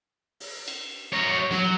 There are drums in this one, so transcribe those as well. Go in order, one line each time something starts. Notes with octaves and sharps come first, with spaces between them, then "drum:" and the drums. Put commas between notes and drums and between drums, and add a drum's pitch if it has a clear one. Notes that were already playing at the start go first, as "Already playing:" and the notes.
drum: open hi-hat
drum: cymbal
A#4 C#5
F#3, drum: snare